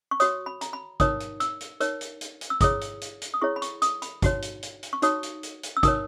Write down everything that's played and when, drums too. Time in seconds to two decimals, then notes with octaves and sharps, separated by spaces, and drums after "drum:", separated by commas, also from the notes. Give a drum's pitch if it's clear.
0.11 C#6
0.20 F#4 C#5 D#6, drum: hi-hat
0.46 B5
0.61 A#5, drum: hi-hat
0.73 B5
1.00 D#4 A#4 C#5 D#6, drum: kick, hi-hat
1.20 drum: hi-hat
1.40 E6, drum: hi-hat
1.61 drum: hi-hat
1.80 D#4 A#4 C#5, drum: hi-hat
2.01 drum: hi-hat
2.21 drum: hi-hat
2.41 drum: hi-hat
2.50 E6
2.61 E4 G#4 C#5 D#6, drum: kick, hi-hat
2.81 drum: hi-hat
3.01 drum: hi-hat
3.22 drum: hi-hat
3.34 D#6
3.42 E4 G#4 C#5 C#6
3.56 B5
3.62 C#6, drum: hi-hat
3.82 D#6, drum: hi-hat
4.02 B5, drum: hi-hat
4.22 D#4 F#4 C#5, drum: kick, hi-hat
4.42 drum: hi-hat
4.63 drum: hi-hat
4.83 drum: hi-hat
4.93 C#6
5.02 D#4 F#4 C#5 D#6, drum: hi-hat
5.23 drum: hi-hat
5.43 drum: hi-hat
5.63 drum: hi-hat
5.77 E6
5.83 D#4 A#4 C#5 D#6, drum: kick, hi-hat